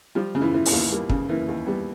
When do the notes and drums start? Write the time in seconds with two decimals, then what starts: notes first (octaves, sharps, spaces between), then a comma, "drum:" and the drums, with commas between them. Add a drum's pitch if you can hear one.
0.15 F3 G3 F4
0.35 C#3
0.41 E3 E4
0.54 E3
0.65 B3, drum: open hi-hat
0.72 D#2
0.91 G3 A#3
1.10 C#3, drum: kick
1.29 E3 A#3
1.48 D#2
1.66 G3 B3